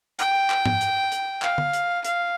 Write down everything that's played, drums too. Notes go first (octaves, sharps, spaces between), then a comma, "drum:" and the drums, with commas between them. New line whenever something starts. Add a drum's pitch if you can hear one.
G5, drum: hi-hat
drum: clap
drum: tom G#2
drum: hi-hat
drum: hi-hat
F5, drum: clap
drum: tom D3
drum: hi-hat
F5, drum: hi-hat